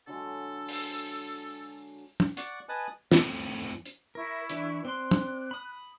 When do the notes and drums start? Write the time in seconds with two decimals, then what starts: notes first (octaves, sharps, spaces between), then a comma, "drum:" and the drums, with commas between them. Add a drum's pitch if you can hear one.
0.07 D3 F#3 G#3 A4
0.69 drum: open hi-hat
2.20 drum: tom
2.37 D5 F#5 C#6, drum: hi-hat
2.69 B4 D#5 G#5 A5 D#6 F#6
3.12 F2 A2, drum: snare
3.85 drum: hi-hat
4.15 E4 A#4 C#6
4.50 E3 D4 D5, drum: hi-hat
4.85 C4 D5 C6 F#6
5.11 drum: tom
5.51 B5 D#6